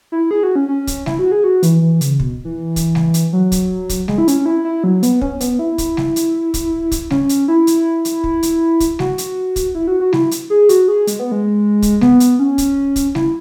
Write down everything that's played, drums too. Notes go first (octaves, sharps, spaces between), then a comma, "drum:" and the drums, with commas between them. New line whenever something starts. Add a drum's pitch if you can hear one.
E4
G#4
F#4
C#4
C#4
drum: kick, hi-hat
E4, drum: snare G3
F#4
G#4
F#4
E3, drum: hi-hat
E3
C#3, drum: hi-hat
B2, drum: kick
E3
drum: kick, hi-hat
drum: snare G3
drum: hi-hat
F#3
drum: kick, hi-hat
drum: kick, hi-hat
G#3, drum: snare G3
E4
C#4, drum: hi-hat
E4
E4
F#3
B3, drum: hi-hat
C#4, drum: kick
B3, drum: hi-hat
E4
drum: kick, hi-hat
drum: snare G3
drum: hi-hat
drum: kick, hi-hat
drum: kick, hi-hat
C#4, drum: snare G3
drum: hi-hat
E4
drum: hi-hat
drum: hi-hat
drum: kick
drum: hi-hat
drum: kick, hi-hat
F#4, drum: snare G3
drum: hi-hat
drum: kick, hi-hat
E4
F#4
F#4
E4, drum: snare G3
drum: hi-hat
G#4
F#4, drum: hi-hat
G#4
G#3, drum: hi-hat
B3
G#3
drum: kick, hi-hat
B3, drum: snare G3
drum: hi-hat
C#4
drum: kick, hi-hat
drum: kick, hi-hat
E4, drum: snare G3